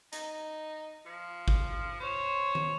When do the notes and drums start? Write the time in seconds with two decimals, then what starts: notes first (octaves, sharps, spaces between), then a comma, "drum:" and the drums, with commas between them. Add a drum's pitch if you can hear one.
0.13 D#4, drum: hi-hat
1.06 F3
1.48 drum: kick G#1
2.00 C5 C#5
2.55 drum: tom D#3